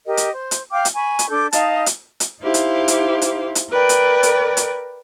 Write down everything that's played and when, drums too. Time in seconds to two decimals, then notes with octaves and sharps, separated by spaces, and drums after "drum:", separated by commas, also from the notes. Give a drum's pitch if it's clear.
0.07 G4 A#4 D#5
0.17 drum: hi-hat
0.31 C5
0.51 drum: hi-hat
0.72 F5 G5 D6 F6
0.85 drum: hi-hat
0.94 G#5 B5 C#6
1.19 drum: hi-hat
1.30 D4 A4 D6 G6
1.53 D#4 D#5 F5 A5, drum: hi-hat
1.86 drum: hi-hat
2.20 drum: hi-hat
2.41 D#4 E4 G4 C5 F5
2.54 drum: hi-hat
2.88 drum: hi-hat
3.22 drum: hi-hat
3.55 drum: hi-hat
3.70 A#4 B4 D5 G5
3.89 drum: hi-hat
4.23 drum: hi-hat
4.57 drum: hi-hat